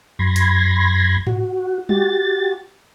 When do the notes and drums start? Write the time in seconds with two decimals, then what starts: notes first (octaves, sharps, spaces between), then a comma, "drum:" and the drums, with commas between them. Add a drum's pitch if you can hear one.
0.19 F#2 B5 C6 G#6 A#6
0.36 drum: hi-hat
1.27 F#4, drum: tom G#2
1.89 F#4 G4 A6, drum: tom G3